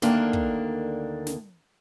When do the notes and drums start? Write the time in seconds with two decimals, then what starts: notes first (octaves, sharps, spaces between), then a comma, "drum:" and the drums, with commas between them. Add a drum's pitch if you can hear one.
0.02 D2 D3 D#3 A#3 D4, drum: snare
0.33 drum: kick
1.27 drum: snare